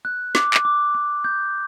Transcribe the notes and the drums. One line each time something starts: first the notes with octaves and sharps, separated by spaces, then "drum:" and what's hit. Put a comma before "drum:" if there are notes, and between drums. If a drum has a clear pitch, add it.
F#6
D6, drum: snare
drum: clap
D6
D6
G6